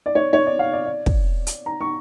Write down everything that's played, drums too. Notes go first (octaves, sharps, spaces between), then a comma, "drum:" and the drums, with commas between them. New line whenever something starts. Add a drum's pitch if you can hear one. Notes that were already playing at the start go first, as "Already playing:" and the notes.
D5
C#5
C#5
D5
F5
D5
D5
drum: kick
drum: hi-hat
A#5
C#6